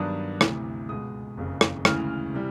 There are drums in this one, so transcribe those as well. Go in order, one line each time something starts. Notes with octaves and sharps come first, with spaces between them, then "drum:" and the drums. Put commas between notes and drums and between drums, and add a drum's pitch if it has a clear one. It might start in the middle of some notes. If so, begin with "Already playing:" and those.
Already playing: G2 D#3 F#3 B3 D4 D#6
D2 C3 E3, drum: rim click
C#2 B2 G#3 D#6
F#1 F2 C#3
drum: rim click
D2 C#3 E3 G#3 F6, drum: rim click
C3 E3 G3